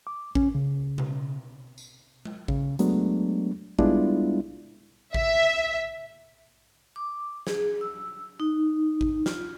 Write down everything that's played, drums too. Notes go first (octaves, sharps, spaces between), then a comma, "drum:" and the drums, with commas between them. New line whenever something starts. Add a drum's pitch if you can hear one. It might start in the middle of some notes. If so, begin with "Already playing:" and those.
D6
C#4, drum: kick A1
C#3
drum: tom B2
drum: tambourine
drum: tom G#3
C#3, drum: kick A1
F#3 G#3 A3 B3 D4, drum: hi-hat
G3 G#3 B3 D4 E4 F4, drum: kick A1
E5, drum: kick A1
D6
G#4, drum: snare
E6
D#4
drum: kick A1
F4, drum: snare